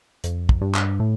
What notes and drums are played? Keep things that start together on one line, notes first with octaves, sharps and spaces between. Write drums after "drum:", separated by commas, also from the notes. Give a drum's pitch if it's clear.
F2, drum: hi-hat
drum: kick
G2
drum: clap
A2